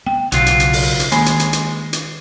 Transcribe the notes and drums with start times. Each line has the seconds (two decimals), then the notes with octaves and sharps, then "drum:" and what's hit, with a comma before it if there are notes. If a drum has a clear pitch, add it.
0.06 B3 G5
0.32 B1 C#3 F#3 F4, drum: hi-hat
0.46 drum: hi-hat
0.60 drum: hi-hat
0.73 drum: open hi-hat
1.00 drum: hi-hat
1.12 D#3 G#3 A#3 D4 G#5 B5, drum: hi-hat
1.26 drum: hi-hat
1.40 drum: hi-hat
1.53 drum: hi-hat
1.93 drum: hi-hat